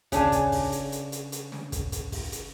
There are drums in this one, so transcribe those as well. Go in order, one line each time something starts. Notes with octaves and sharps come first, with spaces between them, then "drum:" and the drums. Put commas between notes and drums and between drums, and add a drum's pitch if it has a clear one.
C#3 D4 G#5, drum: kick, hi-hat
drum: kick, hi-hat
drum: kick, open hi-hat
drum: hi-hat
drum: hi-hat
drum: hi-hat
drum: hi-hat
drum: snare
drum: kick, hi-hat
drum: kick, hi-hat
drum: kick, open hi-hat
drum: hi-hat